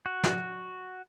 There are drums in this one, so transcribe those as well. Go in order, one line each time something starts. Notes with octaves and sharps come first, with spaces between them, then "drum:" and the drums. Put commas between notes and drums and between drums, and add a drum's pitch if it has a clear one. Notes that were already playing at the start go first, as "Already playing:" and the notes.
F#4
drum: snare